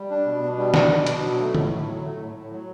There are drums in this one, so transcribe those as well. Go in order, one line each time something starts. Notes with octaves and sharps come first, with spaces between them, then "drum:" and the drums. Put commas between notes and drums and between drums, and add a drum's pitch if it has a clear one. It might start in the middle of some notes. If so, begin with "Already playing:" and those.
Already playing: G3
D4
B2
B2
G3
D4, drum: snare
B2
B2, drum: hi-hat
F#3
A3
A2, drum: tom
A2
F#3
A3
A2
A2
F#3